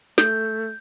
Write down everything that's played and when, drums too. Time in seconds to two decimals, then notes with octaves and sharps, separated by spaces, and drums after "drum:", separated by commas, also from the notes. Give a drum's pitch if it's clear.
0.18 A3 G6, drum: snare